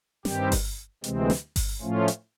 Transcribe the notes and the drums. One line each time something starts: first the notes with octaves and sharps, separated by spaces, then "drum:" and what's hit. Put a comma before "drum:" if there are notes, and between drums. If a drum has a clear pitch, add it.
G2 D#3 G3 C4 G4, drum: snare
drum: kick G1, open hi-hat
D2 C3 E3 G#3 C4, drum: hi-hat
drum: snare
drum: kick G1, open hi-hat
A2 F3 A3 C#4 F4
drum: hi-hat